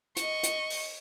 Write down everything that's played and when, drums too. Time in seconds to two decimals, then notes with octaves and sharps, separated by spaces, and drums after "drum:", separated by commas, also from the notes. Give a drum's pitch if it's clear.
0.16 D#5 C#6, drum: hi-hat
0.43 drum: hi-hat
0.70 drum: open hi-hat